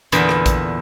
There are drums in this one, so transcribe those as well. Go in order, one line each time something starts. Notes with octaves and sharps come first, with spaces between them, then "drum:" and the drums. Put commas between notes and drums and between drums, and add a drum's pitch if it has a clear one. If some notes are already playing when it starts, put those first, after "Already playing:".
E2 A#2 D3 B3, drum: hi-hat
drum: rim click
drum: kick A1, hi-hat